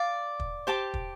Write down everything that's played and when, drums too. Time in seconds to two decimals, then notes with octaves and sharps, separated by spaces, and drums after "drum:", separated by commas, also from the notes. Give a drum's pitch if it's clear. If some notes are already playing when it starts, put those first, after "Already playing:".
Already playing: D5 F5 D6
0.40 drum: kick
0.67 G4 C5 A5 D6
0.94 drum: kick